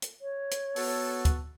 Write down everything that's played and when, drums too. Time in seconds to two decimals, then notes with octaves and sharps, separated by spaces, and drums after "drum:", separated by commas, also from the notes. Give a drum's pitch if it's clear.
0.02 drum: hi-hat
0.21 C#5
0.51 drum: hi-hat
0.76 B3 F#4 A4, drum: open hi-hat
1.25 drum: kick D2, hi-hat